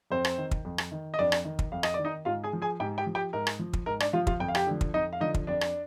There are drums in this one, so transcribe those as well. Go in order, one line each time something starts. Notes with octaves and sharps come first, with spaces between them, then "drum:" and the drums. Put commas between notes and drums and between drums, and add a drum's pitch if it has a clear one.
F2 C4 C5
drum: rim click
D#3
drum: kick
F2
drum: rim click
D#3
D#5
F2 D4 D5
drum: rim click
D#3
drum: kick
F2 F5
D#5, drum: rim click
D#3 D5
D#4 D#5
G#2 F4 F5
G#4 G#5
F3
G#4 G#5
G#2 G4 G5
G4 G5
F3
G4 G5
G#2 A#4
drum: rim click
F3
drum: kick
G#2 A#4
D4 D5, drum: rim click
F3 F4 F5
F4 F5, drum: kick
F2 G5
F5
G4 G5, drum: rim click
D3 F3
drum: kick
F2 D#4 D#5
F5
D3 F3 D#4 D#5
drum: kick
F2 D4 D5
drum: rim click